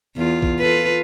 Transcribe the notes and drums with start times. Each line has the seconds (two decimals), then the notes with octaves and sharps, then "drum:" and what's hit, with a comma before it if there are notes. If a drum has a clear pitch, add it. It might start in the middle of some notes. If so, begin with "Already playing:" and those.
0.17 E2 F4
0.42 drum: kick
0.59 F4 A4 B4